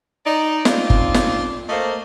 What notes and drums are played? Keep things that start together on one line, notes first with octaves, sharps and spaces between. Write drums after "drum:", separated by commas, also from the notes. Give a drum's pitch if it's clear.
D#4 D5
C4 D4 D#4 F4, drum: snare
drum: kick G1
drum: snare
A3 A#3 C5 D#5